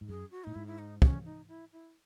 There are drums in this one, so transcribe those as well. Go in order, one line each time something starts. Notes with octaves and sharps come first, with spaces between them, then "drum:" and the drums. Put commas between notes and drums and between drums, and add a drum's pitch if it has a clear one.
G#2
F#2 G#4
F#4
A2 D#4
G#2 E4
E4
D#4
C#4, drum: kick
D#4
E4
E4